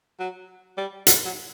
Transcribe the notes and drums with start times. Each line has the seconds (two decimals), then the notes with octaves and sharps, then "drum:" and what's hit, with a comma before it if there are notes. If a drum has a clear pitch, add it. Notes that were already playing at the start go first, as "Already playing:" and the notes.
0.20 F#3
0.77 G3
1.07 F#3, drum: hi-hat
1.25 F#3